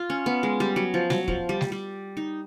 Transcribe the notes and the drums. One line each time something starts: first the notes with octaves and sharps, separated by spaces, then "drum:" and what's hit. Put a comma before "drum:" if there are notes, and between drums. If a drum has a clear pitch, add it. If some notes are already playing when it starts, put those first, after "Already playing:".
Already playing: F4
C#4
B3
G#3
G3
F#3
F3
F#3, drum: snare G3
F3, drum: kick
G3
drum: snare G3
G3
D#4